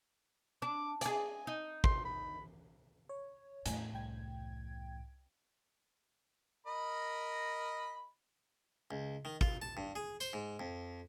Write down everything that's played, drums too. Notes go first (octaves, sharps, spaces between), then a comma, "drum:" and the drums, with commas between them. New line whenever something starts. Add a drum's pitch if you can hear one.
D4 D6
G#4 D5 G#5, drum: hi-hat
D#4
C6, drum: kick
B5
C#5
E2 A2 G#5, drum: hi-hat
C2 G5 G#6
A#4 D#5 B5
C#2
D#3
F4, drum: kick
A5
G2
G#4
C5, drum: tambourine
G#2
F2